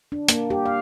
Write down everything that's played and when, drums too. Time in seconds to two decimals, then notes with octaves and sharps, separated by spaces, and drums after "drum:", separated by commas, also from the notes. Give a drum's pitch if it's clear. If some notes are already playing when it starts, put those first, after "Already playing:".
0.12 D4
0.28 A#3, drum: hi-hat
0.50 G4
0.66 F5